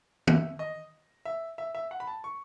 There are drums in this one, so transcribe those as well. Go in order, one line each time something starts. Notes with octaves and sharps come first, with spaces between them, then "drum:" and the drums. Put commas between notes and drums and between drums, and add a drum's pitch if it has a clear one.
E5, drum: tom
D#5
E5
E5
E5
F#5
B5
A5
C#6